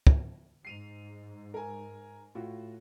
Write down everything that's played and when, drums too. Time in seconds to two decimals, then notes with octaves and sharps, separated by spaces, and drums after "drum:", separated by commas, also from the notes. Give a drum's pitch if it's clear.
0.07 drum: kick
0.65 G#2 C7 D#7 F7
1.54 A#4 G#5
2.35 A2 F4 F#4